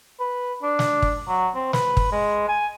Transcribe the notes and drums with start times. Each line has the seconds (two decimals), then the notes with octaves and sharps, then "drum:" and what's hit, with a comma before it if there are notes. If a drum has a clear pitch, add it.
0.20 B4
0.63 D4
0.79 drum: snare
1.02 drum: kick
1.28 F#3
1.55 C4
1.73 B4, drum: snare
1.97 drum: kick
2.12 G#3
2.48 G#5